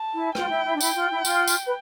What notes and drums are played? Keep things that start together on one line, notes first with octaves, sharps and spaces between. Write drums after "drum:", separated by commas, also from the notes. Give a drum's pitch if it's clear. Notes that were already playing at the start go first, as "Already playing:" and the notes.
Already playing: A5
E4
F4 G5, drum: rim click
E4
E4
D4
E4 G5, drum: tambourine
F4
E4
F4, drum: tambourine
drum: tambourine
B4